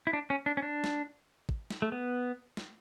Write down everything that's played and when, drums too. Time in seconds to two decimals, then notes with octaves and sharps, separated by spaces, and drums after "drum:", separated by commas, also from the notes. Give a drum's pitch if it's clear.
0.07 E4
0.13 D4
0.30 C#4
0.46 D4
0.57 C#4
0.62 D4
0.84 drum: snare
1.49 drum: kick
1.70 drum: snare
1.82 A3
1.92 B3
2.57 drum: snare